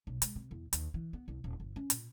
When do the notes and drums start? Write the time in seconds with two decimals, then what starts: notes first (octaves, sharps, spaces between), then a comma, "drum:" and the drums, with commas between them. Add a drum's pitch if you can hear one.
0.07 B1
0.22 G#3, drum: hi-hat
0.36 C3
0.51 E2
0.73 D#2, drum: hi-hat
0.94 E3
1.13 B3
1.28 C2
1.44 D#1
1.60 G1
1.76 C#4
1.90 A#2, drum: hi-hat